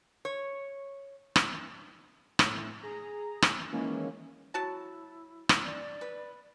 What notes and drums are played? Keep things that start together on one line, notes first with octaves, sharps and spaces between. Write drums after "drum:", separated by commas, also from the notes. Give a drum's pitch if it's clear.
C#5
drum: rim click
A2, drum: rim click
G#4 A#5
drum: rim click
D#3 E3 G#3 A#3 C#4
F#3 E4 F#4 A5
drum: rim click
D5
B4